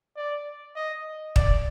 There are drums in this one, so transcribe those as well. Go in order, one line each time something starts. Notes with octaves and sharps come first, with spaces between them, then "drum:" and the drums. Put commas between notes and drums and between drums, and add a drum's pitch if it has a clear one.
D5
D#5
D5, drum: kick